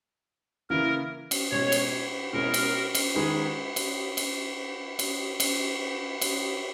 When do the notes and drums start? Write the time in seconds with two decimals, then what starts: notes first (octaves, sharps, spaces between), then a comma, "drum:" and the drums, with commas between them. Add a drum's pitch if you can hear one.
0.70 C#3 E3 A#3 E4 A#4
1.31 drum: cymbal
1.51 B2 G#3 C#4 C#5
1.72 drum: cymbal
2.33 B2 G#3 C#4 E4 G#4 A#4
2.54 drum: cymbal
2.95 drum: cymbal
3.15 D#3 G#3 D#4 G#4 B4
3.76 drum: cymbal
4.17 drum: cymbal
4.99 drum: cymbal
5.40 drum: cymbal
6.21 drum: cymbal